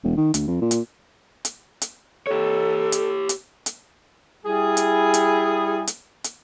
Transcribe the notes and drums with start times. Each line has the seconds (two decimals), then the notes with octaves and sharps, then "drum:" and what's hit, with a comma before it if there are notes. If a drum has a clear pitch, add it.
0.04 E1
0.17 D#3
0.34 D2, drum: hi-hat
0.48 F2
0.61 A#2
0.71 drum: hi-hat
1.45 drum: hi-hat
1.82 drum: hi-hat
2.27 G4 A4 C#5
2.92 drum: hi-hat
3.29 drum: hi-hat
3.66 drum: hi-hat
4.45 G3 E4 G#4
4.77 drum: hi-hat
5.14 drum: hi-hat
5.87 drum: hi-hat
6.24 drum: hi-hat